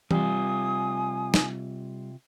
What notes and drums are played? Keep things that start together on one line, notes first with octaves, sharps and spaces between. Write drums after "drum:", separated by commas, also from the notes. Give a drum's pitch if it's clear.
C3 G3 F4 G#5 D#6, drum: tom E3
drum: snare